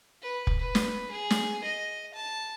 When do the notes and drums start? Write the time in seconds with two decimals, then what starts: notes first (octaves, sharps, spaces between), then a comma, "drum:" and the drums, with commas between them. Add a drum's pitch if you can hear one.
0.22 B4
0.47 drum: kick
0.59 B4
0.75 drum: snare
1.11 G#4
1.30 drum: snare
1.64 D#5
2.14 A5